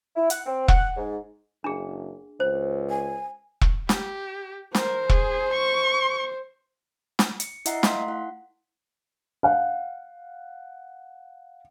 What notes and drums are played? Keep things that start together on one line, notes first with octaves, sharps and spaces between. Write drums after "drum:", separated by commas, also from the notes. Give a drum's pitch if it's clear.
E4
F#5, drum: hi-hat
C4
F#5, drum: kick E1
G#2
F#1 D4 G#4
C#2 C5
G#5
drum: kick E1
G4, drum: snare
A#4 C5, drum: snare
G#4, drum: kick E1
C#6
drum: snare
C#7, drum: hi-hat
E4 D#5 E5 F#5 A#5 C7, drum: hi-hat
A3 F5 C6 B6, drum: snare
E4 F#5
F5 F#5